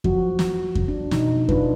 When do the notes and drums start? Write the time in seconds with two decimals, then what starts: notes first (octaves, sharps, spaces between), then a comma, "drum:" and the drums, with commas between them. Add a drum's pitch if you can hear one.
0.04 F3 F#3 F#4, drum: kick F2
0.39 drum: snare
0.75 drum: kick F2
0.88 D4
1.11 B2 D#4, drum: snare
1.49 D4 F4 B4, drum: kick F2